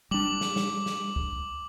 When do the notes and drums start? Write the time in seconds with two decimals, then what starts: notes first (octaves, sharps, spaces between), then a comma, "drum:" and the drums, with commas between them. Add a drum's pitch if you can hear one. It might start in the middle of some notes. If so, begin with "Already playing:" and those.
0.11 G3 D4 D6 F#7
0.41 drum: snare
0.56 drum: snare
0.86 drum: snare
1.16 drum: kick